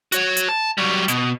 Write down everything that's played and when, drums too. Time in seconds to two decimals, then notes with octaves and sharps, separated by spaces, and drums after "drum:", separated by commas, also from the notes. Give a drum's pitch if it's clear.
0.12 F#4 C#5, drum: hi-hat
0.37 drum: hi-hat
0.49 A5
0.78 F#3 G3
1.08 B2, drum: hi-hat